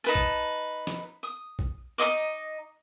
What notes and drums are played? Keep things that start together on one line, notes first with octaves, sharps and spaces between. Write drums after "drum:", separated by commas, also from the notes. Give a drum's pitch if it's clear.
D#4 B4 A5
drum: kick A#1
drum: snare
D#6
drum: kick A#1
D#4 C#5 D#5 D6